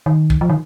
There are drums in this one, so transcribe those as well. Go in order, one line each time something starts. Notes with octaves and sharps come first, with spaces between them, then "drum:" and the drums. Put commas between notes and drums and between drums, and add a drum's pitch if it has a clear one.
D#3
drum: kick
F3
D#3